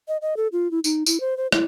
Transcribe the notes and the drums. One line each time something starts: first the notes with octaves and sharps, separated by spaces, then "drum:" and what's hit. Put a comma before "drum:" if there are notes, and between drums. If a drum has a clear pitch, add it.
D#5
D#5
A4
F4
E4
D#4, drum: tambourine
E4, drum: tambourine
C5
C5
E4, drum: rim click